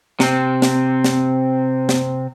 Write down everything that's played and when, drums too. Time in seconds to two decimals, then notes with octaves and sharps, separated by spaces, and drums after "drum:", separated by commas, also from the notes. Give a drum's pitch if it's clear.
0.20 C3 C4, drum: snare
0.62 drum: snare
1.04 drum: snare
1.89 drum: snare